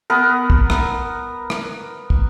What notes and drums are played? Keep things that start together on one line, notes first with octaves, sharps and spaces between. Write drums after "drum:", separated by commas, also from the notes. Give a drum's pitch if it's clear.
B3 A#4
drum: kick
drum: rim click
drum: rim click
drum: kick